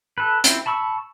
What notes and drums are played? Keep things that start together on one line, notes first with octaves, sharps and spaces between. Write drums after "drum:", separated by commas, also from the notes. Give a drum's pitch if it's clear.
A4 B4
C4 E4, drum: hi-hat
A5 B5 C#6 E6